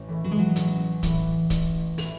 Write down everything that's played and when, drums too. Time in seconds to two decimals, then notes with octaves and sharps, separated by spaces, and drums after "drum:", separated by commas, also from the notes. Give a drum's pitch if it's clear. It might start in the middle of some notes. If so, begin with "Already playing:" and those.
Already playing: A1
0.08 A2 E3
0.24 F#3
0.31 G#3
0.38 F#3
0.56 A1, drum: hi-hat
1.03 A2 E3, drum: kick, hi-hat
1.50 A1, drum: kick, hi-hat
1.98 A2 E3, drum: open hi-hat